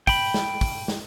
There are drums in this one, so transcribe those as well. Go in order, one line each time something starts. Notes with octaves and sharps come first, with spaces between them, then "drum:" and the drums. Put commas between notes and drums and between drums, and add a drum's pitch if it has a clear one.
G5 B5, drum: kick, open hi-hat
drum: snare
drum: kick, open hi-hat
drum: snare